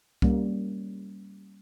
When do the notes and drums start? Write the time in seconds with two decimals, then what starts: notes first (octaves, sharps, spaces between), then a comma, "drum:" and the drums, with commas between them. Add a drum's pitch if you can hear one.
0.22 G3 A#3 C#4, drum: kick C2